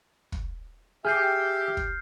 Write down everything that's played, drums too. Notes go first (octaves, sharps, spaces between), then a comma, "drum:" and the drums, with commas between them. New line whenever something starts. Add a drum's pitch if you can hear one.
drum: kick
G4 G#4 E5 F6 G6 C7
drum: kick